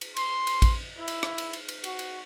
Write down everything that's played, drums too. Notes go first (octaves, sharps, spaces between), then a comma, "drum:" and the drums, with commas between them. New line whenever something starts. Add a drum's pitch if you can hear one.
drum: cymbal
C6, drum: cymbal
drum: cymbal
drum: kick A1, cymbal
E4
drum: cymbal
drum: rim click
drum: cymbal
drum: cymbal
drum: cymbal
F#4, drum: cymbal
drum: cymbal